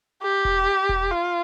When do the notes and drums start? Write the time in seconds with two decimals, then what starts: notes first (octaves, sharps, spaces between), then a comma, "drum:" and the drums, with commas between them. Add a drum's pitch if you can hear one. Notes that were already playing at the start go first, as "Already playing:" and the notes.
0.23 G4
0.45 drum: kick E1
0.89 drum: kick E1
1.11 F4